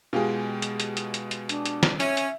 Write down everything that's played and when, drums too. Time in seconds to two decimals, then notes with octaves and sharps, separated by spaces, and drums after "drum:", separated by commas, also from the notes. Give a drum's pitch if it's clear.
0.13 B2 G#3 F4 G4 G#4
0.62 drum: hi-hat
0.80 drum: hi-hat
0.97 drum: hi-hat
1.14 drum: hi-hat
1.31 drum: hi-hat
1.49 D4, drum: hi-hat
1.66 drum: hi-hat
1.83 drum: snare
2.00 C#4 E5, drum: hi-hat
2.17 drum: hi-hat